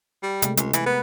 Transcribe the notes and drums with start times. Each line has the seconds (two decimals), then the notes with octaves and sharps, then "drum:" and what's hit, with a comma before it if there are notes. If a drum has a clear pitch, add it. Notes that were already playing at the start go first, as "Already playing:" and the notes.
0.23 G3
0.42 C3 G#3 A3, drum: hi-hat
0.57 C#2, drum: hi-hat
0.73 E3, drum: hi-hat
0.86 B3 A#4 B4